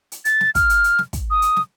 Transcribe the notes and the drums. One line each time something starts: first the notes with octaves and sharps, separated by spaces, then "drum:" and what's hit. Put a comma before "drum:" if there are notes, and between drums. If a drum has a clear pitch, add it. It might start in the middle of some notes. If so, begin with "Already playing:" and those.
drum: hi-hat
A6, drum: hi-hat
drum: snare
F6, drum: kick, hi-hat
drum: hi-hat
drum: hi-hat
drum: snare
drum: kick, hi-hat
D#6
drum: hi-hat
drum: snare